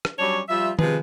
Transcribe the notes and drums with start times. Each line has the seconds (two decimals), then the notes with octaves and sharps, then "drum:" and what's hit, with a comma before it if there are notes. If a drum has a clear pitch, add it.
0.05 drum: rim click
0.19 F#3 G3 C#4 D4 C#5 D5
0.49 F3 G3 F4 E5
0.79 C3 F3 G#3 G#4 B4, drum: tom D#3